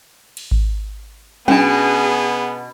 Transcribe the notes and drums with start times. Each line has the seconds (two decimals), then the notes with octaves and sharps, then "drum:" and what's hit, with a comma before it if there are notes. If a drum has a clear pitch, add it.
0.37 drum: cymbal
0.51 drum: kick G#1
1.48 B2 B3 C#4 D4 G#4, drum: tom F#3